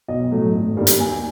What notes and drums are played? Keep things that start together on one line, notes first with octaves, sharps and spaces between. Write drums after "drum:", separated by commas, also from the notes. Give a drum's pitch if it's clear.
B1 D#5
A2 F#3 A3
G#1
G2 D#3 G3 A#3
drum: hi-hat
D#2 G#5